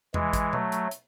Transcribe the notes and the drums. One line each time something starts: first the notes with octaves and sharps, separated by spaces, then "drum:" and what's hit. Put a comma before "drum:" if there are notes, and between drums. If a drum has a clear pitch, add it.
E3 G#3, drum: tom E2
drum: kick, hi-hat
F#3 A3, drum: tom B2
drum: hi-hat
drum: hi-hat